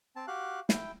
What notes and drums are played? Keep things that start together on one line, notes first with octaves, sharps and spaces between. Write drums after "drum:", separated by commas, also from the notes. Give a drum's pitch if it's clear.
C4 A5
F#4 G4 F5 F#6
E4 G5, drum: snare